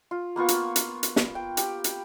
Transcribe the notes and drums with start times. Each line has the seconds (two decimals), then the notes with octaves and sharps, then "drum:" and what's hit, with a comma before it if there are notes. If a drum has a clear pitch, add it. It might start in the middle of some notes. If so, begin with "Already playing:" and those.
0.11 F4
0.36 A#3 B3 F4 C#6
0.48 drum: hi-hat
0.76 drum: hi-hat
1.03 drum: hi-hat
1.16 drum: snare
1.35 G5
1.57 G4, drum: hi-hat
1.84 drum: hi-hat